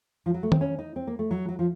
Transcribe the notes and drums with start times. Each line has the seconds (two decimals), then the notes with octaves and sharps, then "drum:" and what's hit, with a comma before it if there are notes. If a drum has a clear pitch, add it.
0.26 F3
0.34 F#3
0.43 A3
0.52 C4, drum: tom D#3
0.61 C#4
0.79 D#4
0.96 C4
1.07 A#3
1.19 A3
1.31 F#3
1.48 F#3
1.59 F3